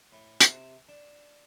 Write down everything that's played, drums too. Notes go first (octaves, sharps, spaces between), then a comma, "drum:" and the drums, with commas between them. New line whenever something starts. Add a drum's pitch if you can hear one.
A2
C3, drum: hi-hat
D4